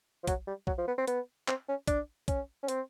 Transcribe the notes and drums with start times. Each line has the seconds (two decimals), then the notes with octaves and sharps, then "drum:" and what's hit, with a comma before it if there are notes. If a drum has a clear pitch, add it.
0.23 F3
0.27 F#3, drum: kick, hi-hat
0.47 G3
0.67 F#3, drum: kick
0.78 F3
0.88 B3
0.98 C4
1.07 B3, drum: hi-hat
1.48 C4, drum: clap
1.69 C#4
1.87 D4, drum: kick, hi-hat
2.28 C#4, drum: kick, hi-hat
2.63 C#4
2.68 C4, drum: hi-hat